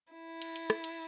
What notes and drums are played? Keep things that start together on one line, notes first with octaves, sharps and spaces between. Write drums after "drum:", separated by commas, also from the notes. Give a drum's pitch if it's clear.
E4
drum: cymbal
drum: cymbal
drum: rim click
drum: cymbal